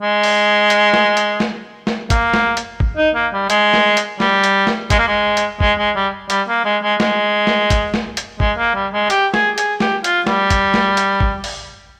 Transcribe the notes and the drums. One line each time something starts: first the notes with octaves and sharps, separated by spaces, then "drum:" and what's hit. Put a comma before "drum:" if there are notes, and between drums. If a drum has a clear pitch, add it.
G#3
drum: open hi-hat
drum: hi-hat
drum: snare
drum: hi-hat
drum: snare
drum: snare
A#3, drum: kick, hi-hat
drum: snare
drum: hi-hat
drum: kick
D#4
A#3
G3
G#3, drum: hi-hat
drum: snare
drum: hi-hat
G3, drum: snare
drum: hi-hat
drum: snare
G#3, drum: kick, hi-hat
A#3
G#3
drum: hi-hat
G#3, drum: kick
G#3
G3
G3, drum: hi-hat
A#3
G#3
G#3
G#3, drum: snare
drum: snare
drum: kick, hi-hat
drum: snare
drum: hi-hat
G#3, drum: kick
A#3
G3
G#3
G4, drum: hi-hat
G#4, drum: snare
G#4, drum: hi-hat
G4, drum: snare
F4, drum: hi-hat
G3, drum: snare
drum: kick, hi-hat
drum: snare
drum: hi-hat
drum: kick
drum: open hi-hat